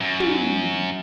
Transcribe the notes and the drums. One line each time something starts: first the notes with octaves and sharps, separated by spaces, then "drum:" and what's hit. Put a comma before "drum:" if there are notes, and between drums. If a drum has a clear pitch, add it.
F#2
drum: tom